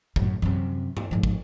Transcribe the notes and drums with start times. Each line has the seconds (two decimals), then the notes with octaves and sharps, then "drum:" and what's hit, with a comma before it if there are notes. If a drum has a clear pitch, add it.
0.16 F#2 A2, drum: kick
0.42 F#2 C3, drum: tom E3
0.97 drum: tom G2
1.11 G#2 F3
1.23 drum: kick